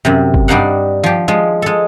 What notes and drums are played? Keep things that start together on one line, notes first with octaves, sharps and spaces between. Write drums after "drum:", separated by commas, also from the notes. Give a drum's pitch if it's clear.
F#2 C3
drum: kick
G2 G3 D4 D#4 F5 F#5
F3 G4
F3 G#3
G#3 A4